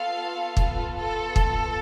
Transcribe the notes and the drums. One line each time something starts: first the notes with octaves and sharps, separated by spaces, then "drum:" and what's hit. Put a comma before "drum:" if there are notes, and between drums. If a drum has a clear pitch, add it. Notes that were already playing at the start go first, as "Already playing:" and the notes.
Already playing: B3 F4 A4 F5
drum: kick
A4
drum: kick